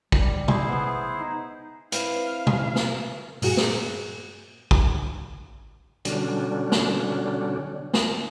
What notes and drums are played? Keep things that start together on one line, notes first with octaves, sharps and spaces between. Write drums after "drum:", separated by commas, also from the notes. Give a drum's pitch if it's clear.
G3, drum: kick
E4 G#4 C5, drum: tom B2
B3
D#4
C4 E4 B4 F5, drum: hi-hat
drum: tom B2
drum: snare
G2 A#2 F#4 G#4 C#7, drum: open hi-hat
drum: snare
drum: kick
B2 D3 F#3 G3 C#4 D4, drum: hi-hat
drum: snare
drum: snare